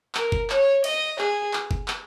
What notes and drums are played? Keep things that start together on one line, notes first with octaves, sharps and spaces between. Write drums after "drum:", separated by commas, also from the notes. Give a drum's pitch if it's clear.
A#4, drum: clap
drum: kick G1
C#5, drum: clap
D#5, drum: cymbal
G#4, drum: clap
drum: clap
drum: kick G1
drum: clap